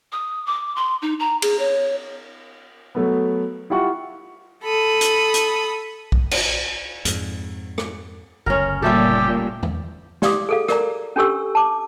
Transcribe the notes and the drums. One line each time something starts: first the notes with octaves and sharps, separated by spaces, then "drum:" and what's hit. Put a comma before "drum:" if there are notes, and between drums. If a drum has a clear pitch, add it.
D#6
D6
C6
D#4
A#5
G#4, drum: cymbal
C#5
F#3 A3 B3
E4 F4 G4 F#5 C#6
A4 B5 D#6
drum: hi-hat
drum: hi-hat
drum: kick B1
drum: cymbal
F2 G#2, drum: hi-hat
drum: rim click
F#1 D2 C#4 A#4
A#2 G3 A3 G4 A4
drum: tom E2
G4 D5 F5 D6 D#6, drum: snare
G#4 A4 F5
A#4 D5 A#5, drum: rim click
C#4 D4 G4 A4 C#6 E6
A5 D6